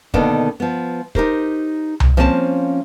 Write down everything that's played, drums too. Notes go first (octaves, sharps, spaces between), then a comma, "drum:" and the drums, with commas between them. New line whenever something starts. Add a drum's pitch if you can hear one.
B2 D3 D#3 A#3 B3 D4, drum: kick
F3 B3
D#4 G4 A#4 C5, drum: kick
drum: tom C2
F3 A#3 C4 C#4 G#5 A5